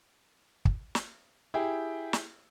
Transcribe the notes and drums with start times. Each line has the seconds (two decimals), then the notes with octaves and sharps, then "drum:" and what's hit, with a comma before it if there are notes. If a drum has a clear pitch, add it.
0.65 drum: kick
0.95 drum: snare
1.54 E4 G4 G#4 G5
2.13 drum: snare